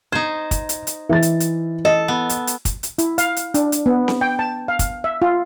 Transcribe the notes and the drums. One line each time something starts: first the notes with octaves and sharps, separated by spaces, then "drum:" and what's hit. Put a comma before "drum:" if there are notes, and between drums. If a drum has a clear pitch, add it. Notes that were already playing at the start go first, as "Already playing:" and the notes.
D#4 C5 G#6
drum: kick, hi-hat
drum: hi-hat
drum: hi-hat
E3 E5 A6
drum: hi-hat
drum: hi-hat
A4 D#5
B3
drum: hi-hat
drum: hi-hat
drum: kick, hi-hat
drum: hi-hat
E4, drum: hi-hat
F5, drum: hi-hat
drum: hi-hat
D4, drum: hi-hat
drum: hi-hat
B3
drum: snare C4
G5
A5
F5
drum: kick, hi-hat
E5
F4